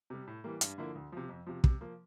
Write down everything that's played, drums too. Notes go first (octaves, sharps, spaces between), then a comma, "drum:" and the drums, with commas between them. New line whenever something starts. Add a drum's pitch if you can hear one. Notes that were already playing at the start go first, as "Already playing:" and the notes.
C3 G3
A2
E3 G3 A#3
G2, drum: hi-hat
D3 F3 A#3 E4
D2
C3 F3
F2
C3 F3
C3, drum: kick
F3 A#3